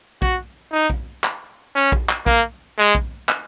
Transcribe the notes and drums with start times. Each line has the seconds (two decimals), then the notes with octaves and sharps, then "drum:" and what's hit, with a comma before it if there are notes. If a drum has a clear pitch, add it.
0.22 F#4, drum: kick A#1
0.72 D#4
0.90 drum: kick A#1
1.24 drum: clap
1.75 C#4
1.92 drum: kick A#1
2.09 drum: clap
2.26 A#3, drum: kick A#1
2.78 G#3
2.95 drum: kick A#1
3.29 drum: clap